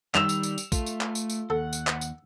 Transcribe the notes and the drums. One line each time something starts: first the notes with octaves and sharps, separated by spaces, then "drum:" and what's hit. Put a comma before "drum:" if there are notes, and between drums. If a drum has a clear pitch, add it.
D#3 G3 E6 E7 F7, drum: clap
drum: tambourine
drum: tambourine
drum: tambourine
A3 F4, drum: kick, tambourine
drum: tambourine
drum: clap
drum: tambourine
drum: tambourine
D#2 A4 F#5
drum: tambourine
drum: clap
drum: tambourine